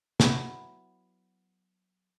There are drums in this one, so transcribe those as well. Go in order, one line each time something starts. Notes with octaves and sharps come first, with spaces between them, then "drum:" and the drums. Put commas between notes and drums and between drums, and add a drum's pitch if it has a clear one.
F#3 B3 E4, drum: snare